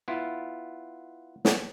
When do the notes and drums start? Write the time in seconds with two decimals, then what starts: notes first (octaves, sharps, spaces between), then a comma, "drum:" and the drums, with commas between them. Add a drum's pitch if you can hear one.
0.08 B3 E4 F4
1.45 drum: snare